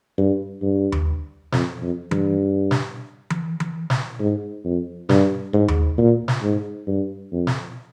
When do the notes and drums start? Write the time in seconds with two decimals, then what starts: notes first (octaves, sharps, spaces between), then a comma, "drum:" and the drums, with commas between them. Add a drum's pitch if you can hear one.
0.18 G2
0.62 G2
0.92 drum: tom D#2
1.52 F2, drum: snare
1.82 F2
2.11 G2, drum: tom E3
2.71 drum: snare
3.30 drum: tom E3
3.60 drum: tom E3
3.90 drum: snare
4.20 G#2
4.64 F2
5.09 G2, drum: snare
5.53 G#2
5.68 drum: tom D#2
5.98 A#2
6.28 drum: snare
6.43 G#2
6.87 G2
7.32 F2
7.47 drum: snare